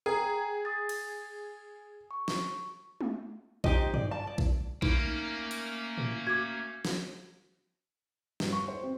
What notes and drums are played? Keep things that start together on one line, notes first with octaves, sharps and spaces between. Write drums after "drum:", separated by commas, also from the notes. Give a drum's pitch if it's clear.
G#4 G5 A#5 D#6
D#6 A6
drum: cymbal
C#6
drum: snare
drum: tom G#3
D#4 G4 C5 D#5, drum: kick A#1
D5, drum: tom G2
A5
D5
drum: kick A#1
A3 A#3 C#4 D#4, drum: kick A#1
drum: hi-hat
drum: tom A2
F#4 D6 G#6
drum: snare
G2, drum: snare
C#6
C5
C4